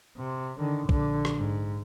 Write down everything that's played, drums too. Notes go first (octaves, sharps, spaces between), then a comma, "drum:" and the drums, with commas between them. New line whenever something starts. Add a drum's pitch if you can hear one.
C3
D3 D#3
A#1 D3, drum: kick
drum: rim click
G#2